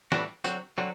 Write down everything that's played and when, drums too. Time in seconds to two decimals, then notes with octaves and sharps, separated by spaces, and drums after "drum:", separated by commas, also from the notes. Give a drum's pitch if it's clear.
0.12 A2 E3 G3 D4 F#4, drum: snare
0.44 D3 F#3 C4 F#4, drum: tambourine
0.78 D3 F#3 C4 F#4